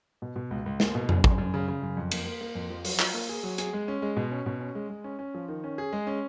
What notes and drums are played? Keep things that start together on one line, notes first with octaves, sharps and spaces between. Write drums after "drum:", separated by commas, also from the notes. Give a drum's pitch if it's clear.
B2
B2
C#2
C#2
A#3, drum: snare
B2
F#2, drum: tom F2
F#2, drum: kick
F#2
C#3
C#3
F#2
F2
A#3, drum: cymbal
A#3
A#3
F2
F3
F#3, drum: open hi-hat
F4, drum: clap
A#3
G#4
F#3
G#4, drum: hi-hat
G#3
C#4
G#3
B2
C#4
B2
C#4
G#3
G#3
C#4
C#4
F3
D#3
C#4
G#4
G#3
C#4